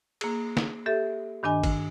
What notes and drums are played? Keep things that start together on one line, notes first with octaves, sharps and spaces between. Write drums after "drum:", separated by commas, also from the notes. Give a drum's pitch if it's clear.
A#3 G#4, drum: cymbal
drum: snare
G4 A4 E5
G2 D#3 D4 D#5 G#5
drum: kick G#1, cymbal